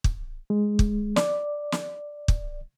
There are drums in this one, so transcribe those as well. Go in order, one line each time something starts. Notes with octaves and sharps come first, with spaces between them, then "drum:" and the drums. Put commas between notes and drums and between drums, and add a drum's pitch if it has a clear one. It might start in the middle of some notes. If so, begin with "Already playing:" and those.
drum: kick
G#3
drum: kick
D5, drum: snare
drum: snare
drum: kick